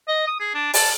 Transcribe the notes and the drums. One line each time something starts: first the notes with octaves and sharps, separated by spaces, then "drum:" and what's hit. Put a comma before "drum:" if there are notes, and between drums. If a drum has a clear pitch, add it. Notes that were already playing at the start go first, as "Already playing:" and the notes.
D#5
D#6
G#4
D4
A5, drum: open hi-hat